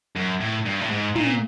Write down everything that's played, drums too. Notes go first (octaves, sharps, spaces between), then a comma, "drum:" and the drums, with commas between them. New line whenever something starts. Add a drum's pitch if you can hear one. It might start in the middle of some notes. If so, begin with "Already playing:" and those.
F#2
A2
G2
A2
G#2
A#2, drum: tom